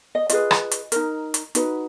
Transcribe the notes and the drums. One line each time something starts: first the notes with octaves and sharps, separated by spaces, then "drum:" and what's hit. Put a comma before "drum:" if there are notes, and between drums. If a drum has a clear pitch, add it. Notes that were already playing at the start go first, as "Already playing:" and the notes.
D#5
F4 G#4 B4 D#5, drum: hi-hat
drum: rim click
drum: hi-hat
D#4 A#4, drum: hi-hat
drum: hi-hat
D#4 F#4 B4, drum: hi-hat